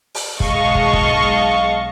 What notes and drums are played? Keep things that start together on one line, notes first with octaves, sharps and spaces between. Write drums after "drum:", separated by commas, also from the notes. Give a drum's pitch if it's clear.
drum: open hi-hat
B1 G#3 D#5 F5 A5 C#6, drum: kick
drum: kick
drum: kick